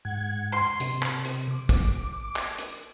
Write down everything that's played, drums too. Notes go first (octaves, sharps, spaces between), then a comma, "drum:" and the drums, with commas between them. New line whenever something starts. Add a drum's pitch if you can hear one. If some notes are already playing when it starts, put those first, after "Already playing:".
G#2 F#5 G#6
C6
C3, drum: hi-hat
drum: clap
drum: hi-hat
D6
drum: kick, hi-hat
drum: clap
drum: hi-hat